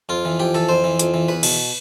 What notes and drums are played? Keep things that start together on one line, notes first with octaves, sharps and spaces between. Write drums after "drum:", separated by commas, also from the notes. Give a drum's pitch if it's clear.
F2 F4
E3
F2 G4
E3 A4
F2 C5
E3
F2, drum: hi-hat
E3
E2 B4
B2, drum: cymbal